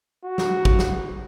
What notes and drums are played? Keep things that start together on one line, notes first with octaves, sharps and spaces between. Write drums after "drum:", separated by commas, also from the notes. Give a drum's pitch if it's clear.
F#4
drum: snare
drum: kick A1
drum: snare